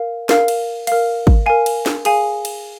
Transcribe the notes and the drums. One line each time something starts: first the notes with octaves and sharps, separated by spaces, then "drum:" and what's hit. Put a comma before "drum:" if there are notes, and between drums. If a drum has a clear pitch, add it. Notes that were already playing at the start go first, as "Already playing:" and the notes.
Already playing: A#4 F5
A#4 F5, drum: snare
drum: cymbal
A#4 F5, drum: cymbal
drum: kick G#1
A#4 F5 G#5
drum: cymbal
drum: snare
G#4 F5 G#5, drum: cymbal
drum: cymbal